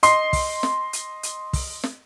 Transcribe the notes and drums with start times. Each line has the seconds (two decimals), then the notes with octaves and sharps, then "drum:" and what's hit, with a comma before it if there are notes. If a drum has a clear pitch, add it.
0.03 D#5 C6 C7, drum: hi-hat
0.33 drum: kick, open hi-hat
0.63 drum: snare
0.93 drum: hi-hat
1.23 drum: hi-hat
1.53 drum: kick, open hi-hat
1.84 drum: snare